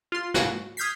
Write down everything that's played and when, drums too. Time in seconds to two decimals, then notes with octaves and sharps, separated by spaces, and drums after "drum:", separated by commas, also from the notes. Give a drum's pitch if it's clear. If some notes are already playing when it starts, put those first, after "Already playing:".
0.12 F4 C6
0.34 F#4, drum: snare
0.77 D#6 F6 G6 G#6 B6 C7